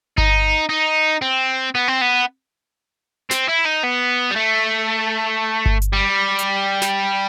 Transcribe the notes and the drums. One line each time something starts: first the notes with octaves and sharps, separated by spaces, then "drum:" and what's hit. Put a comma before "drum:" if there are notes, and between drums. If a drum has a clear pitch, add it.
D#4, drum: kick G1
D#4
C4
B3
C4
B3
C4, drum: snare
E4
D#4
B3
G3
A3
drum: kick G1
drum: hi-hat
G3
drum: hi-hat
drum: snare